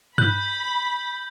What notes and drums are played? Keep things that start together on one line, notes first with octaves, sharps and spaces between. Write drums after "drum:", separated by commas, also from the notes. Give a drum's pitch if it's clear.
B5 F#6 G6, drum: tom G2